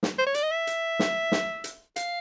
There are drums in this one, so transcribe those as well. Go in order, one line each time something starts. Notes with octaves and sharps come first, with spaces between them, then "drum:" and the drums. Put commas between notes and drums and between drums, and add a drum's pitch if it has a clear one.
drum: snare
C5
C#5
D5, drum: hi-hat
D#5
E5
drum: hi-hat
drum: snare
drum: snare
drum: hi-hat
F5, drum: hi-hat